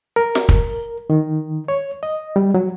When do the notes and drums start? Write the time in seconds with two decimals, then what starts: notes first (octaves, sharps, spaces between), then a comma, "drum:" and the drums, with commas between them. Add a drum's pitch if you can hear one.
0.16 A#4
0.35 drum: snare
0.49 drum: kick
1.10 D#3
1.68 C#5
2.03 D#5
2.36 G3
2.54 F#3